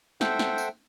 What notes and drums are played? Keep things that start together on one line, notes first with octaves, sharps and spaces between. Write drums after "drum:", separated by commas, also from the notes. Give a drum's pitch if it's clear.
A4 C5 E5 F#5 G5, drum: snare
drum: snare
drum: tambourine